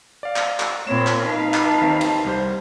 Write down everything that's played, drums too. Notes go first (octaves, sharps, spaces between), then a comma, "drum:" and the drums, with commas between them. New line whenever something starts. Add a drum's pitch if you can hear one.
D5 F5
drum: clap
drum: clap
A#2 C4 C#5 B5 E7
drum: clap
D#4 B4 F5 A5
drum: clap
D#2 D#3 C4
drum: cymbal
C2 G3 C5